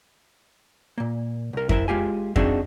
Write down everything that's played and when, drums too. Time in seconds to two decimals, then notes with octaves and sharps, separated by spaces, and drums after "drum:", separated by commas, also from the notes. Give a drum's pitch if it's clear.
0.98 A#2 A#3
1.53 C2 A#4
1.69 E4 A#4 C5 E5, drum: kick F2
1.88 G#3 F4 G4 G#5
2.36 C4 D4 D#4 F#4 G#4 E5, drum: kick F2